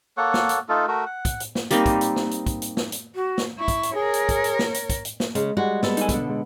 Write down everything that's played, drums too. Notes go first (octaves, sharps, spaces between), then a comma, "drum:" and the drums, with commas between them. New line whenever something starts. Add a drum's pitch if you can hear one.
A#3 A4 C#5 F#5
drum: snare
drum: hi-hat
A3 D#4 F4 A4
A3 F#4 A#4
F#5
drum: kick, hi-hat
drum: hi-hat
drum: snare
G3 A#3 C4 D#4, drum: hi-hat
drum: kick, hi-hat
drum: hi-hat
drum: snare
drum: hi-hat
drum: kick, hi-hat
drum: hi-hat
drum: snare
drum: hi-hat
F#4
drum: snare
E4 C#6
drum: kick, hi-hat
drum: hi-hat
G#4 A#4 C#5
drum: hi-hat
drum: kick, hi-hat
drum: hi-hat
drum: snare
drum: hi-hat
drum: kick, hi-hat
drum: hi-hat
drum: snare
C#3 G#3, drum: hi-hat
G3 G#3 F#4
B3 A4, drum: snare
D#4 G#5, drum: hi-hat
B2 D3, drum: kick, hi-hat
G#3